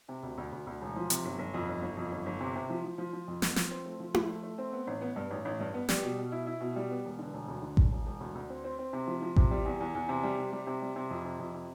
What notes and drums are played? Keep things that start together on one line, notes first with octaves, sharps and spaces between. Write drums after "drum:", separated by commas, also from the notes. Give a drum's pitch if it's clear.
C3
D2
D2
D2
D2
E1
F3
C3, drum: hi-hat
G1
G1
F2
G1
G1
F2
G1
G1
C3
C3
F3
F3
F3
F3
F2
B3, drum: snare
F3, drum: snare
C4
A3
F3
F3, drum: tom E4
A3
A3
C4
B3
A1
B3
G2
A1
A1
G2
B3
G3, drum: snare
B2
B2
E4
E4
B2
G3
B3
E1
D3
E1
D2
D3
E1, drum: kick A1
E1
E1
D2
D2
C4
C4
C4
C3
F3
F3
C3, drum: kick A1
G3
E2
E2
E2
C3
G3
C3
G3
C3
G3
C3
F2
C3
F2
C3